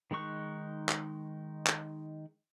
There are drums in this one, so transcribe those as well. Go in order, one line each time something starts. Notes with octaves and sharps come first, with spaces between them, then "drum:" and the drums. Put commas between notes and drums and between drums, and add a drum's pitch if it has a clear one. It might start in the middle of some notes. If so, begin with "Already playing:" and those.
D#3 G#3 D#4 C#6 F#6
drum: clap
drum: clap